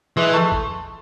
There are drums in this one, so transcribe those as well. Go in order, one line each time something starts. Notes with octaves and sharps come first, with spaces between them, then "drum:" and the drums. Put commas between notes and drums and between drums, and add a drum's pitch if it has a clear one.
E3 G#3
A3
drum: kick